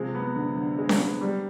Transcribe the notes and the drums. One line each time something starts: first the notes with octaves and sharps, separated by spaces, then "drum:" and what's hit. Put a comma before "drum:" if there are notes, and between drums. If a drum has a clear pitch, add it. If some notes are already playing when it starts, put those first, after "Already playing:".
Already playing: C3 F3 G#3
B3
D3
D3
G#3
drum: snare C#4
B3
G3